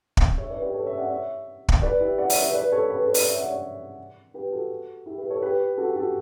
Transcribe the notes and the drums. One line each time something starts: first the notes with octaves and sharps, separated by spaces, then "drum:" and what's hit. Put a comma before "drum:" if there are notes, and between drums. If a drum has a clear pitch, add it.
drum: kick
C#5 E5
B4 D5
G4 B4
A4 C#5
C#5 E5
D5 F#5
C#5 E5
drum: kick
B4 D5
E4 G4
D5 F#5
C#5 E5, drum: open hi-hat
B4 D5
B4 D5
A4 C#5
G4 B4
A4 C#5
B4 D5, drum: open hi-hat
C#5 E5
D5 F#5
C#5 E5
G4 B4
F#4 A4
E4 G4
G4 B4
A4 C#5
G4 B4
F#4 A4
G4
F#4 A4